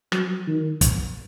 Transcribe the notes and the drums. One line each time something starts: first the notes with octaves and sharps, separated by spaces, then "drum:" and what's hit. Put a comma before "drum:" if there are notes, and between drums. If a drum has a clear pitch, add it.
F#3, drum: rim click
D#3
drum: kick, hi-hat